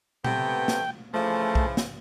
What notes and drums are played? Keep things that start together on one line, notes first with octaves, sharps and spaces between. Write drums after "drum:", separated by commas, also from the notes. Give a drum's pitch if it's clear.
C3 A3 B3 G5, drum: tom A#2
drum: snare
C#3 E3 F3 A3
drum: kick B1
drum: snare